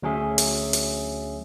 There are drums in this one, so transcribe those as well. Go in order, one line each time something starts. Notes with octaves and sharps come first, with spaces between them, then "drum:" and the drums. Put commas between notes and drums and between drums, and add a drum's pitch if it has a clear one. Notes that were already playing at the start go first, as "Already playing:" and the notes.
D2 F#3 C#4 G#4 E5
drum: hi-hat
drum: hi-hat